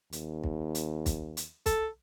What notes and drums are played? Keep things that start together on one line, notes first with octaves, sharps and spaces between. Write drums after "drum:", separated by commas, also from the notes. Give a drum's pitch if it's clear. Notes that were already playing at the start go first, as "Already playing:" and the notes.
D#2, drum: hi-hat
drum: kick
drum: hi-hat
drum: kick, hi-hat
drum: hi-hat
A4, drum: kick, hi-hat